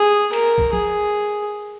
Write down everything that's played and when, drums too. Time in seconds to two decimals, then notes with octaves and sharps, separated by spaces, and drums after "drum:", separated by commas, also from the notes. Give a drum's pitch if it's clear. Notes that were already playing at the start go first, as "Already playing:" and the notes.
Already playing: G#4
0.33 A#4, drum: cymbal
0.58 drum: kick B1
0.73 G#4, drum: tom